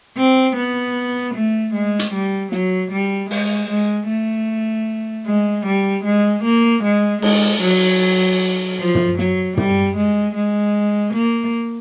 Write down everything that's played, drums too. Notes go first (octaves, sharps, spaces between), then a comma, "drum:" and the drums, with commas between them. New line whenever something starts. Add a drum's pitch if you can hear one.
C4
B3
A3
G#3
drum: hi-hat
G3
F#3, drum: snare
G3
G#3, drum: open hi-hat
G#3
A3
G#3
G3
G#3
A#3
G#3
G#3, drum: cymbal
F#3
F3
drum: tom
F#3, drum: snare
G3, drum: tom
G#3
G#3
A#3